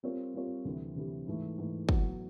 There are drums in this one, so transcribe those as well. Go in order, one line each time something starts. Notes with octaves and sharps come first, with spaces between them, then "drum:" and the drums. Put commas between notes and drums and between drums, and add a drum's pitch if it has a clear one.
G3 C4 F4 A#4 C#5
G3 C4 F4 A#4 C#5
D2 C3 E3 G3
D2 C3 E3 G3
G#2 E3 A3
G#2 E3 A3
A2 F#3 B3, drum: kick